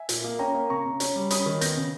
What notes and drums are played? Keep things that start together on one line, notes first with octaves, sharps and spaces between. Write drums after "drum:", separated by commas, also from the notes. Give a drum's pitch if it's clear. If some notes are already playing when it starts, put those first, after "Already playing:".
Already playing: E5 G#5
A#2, drum: hi-hat
A#3
C#4 G5 A#5
A#3
C#3 A#5 C#6
C#3
C#4, drum: hi-hat
G3
C#4 B5 D#6, drum: hi-hat
D#3
B3 G6 A#6, drum: hi-hat
C#3